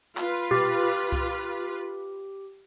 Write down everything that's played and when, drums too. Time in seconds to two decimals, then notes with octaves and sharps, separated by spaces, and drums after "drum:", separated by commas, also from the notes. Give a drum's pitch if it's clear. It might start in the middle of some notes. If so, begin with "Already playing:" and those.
0.17 F4 B4, drum: clap
0.51 G4, drum: tom B2
1.12 drum: kick C2